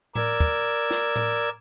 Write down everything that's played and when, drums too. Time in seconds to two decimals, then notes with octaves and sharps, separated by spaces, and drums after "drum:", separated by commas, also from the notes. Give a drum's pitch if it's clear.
0.15 A#4 D5 E6 G#6, drum: tom A2
0.40 drum: kick
0.91 drum: snare
1.16 drum: tom A2